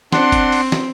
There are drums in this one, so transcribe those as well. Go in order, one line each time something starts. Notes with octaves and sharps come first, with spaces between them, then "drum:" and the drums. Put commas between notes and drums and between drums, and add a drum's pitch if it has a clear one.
C4 D4 F#5 C6, drum: snare
drum: kick F#1, hi-hat
drum: open hi-hat
drum: snare